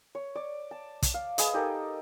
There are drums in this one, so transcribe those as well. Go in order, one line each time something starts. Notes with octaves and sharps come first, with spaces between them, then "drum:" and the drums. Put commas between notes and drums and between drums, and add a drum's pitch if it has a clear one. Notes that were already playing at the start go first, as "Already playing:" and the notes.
C#5
D5
A5
drum: kick, hi-hat
F5
G#4 B4 D#5, drum: hi-hat
D#4 G4 A4 A#4